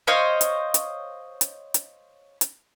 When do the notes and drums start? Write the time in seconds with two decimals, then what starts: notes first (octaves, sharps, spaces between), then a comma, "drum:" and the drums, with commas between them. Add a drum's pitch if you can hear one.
0.07 C5 C#5 D#5 F5
0.41 drum: hi-hat
0.74 drum: hi-hat
1.41 drum: hi-hat
1.74 drum: hi-hat
2.41 drum: hi-hat